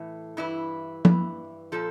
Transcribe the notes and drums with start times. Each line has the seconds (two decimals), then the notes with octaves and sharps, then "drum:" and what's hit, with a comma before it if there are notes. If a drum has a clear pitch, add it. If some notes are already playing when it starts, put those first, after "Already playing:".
Already playing: A2 E3
0.37 G2 E3 E4
1.05 G2 E3, drum: tom F3
1.72 A#2 F3 A4